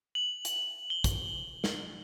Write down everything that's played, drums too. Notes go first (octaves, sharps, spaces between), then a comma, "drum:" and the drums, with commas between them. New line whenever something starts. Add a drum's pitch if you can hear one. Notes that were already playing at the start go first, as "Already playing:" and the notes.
F#7
drum: hi-hat
G7
drum: kick, hi-hat
drum: snare